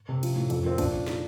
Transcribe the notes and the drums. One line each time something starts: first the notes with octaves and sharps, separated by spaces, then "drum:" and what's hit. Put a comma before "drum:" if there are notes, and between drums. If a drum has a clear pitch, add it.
C3
F3, drum: cymbal
A2
F2, drum: cymbal
F3 C4
A#2 D4, drum: kick, cymbal
drum: snare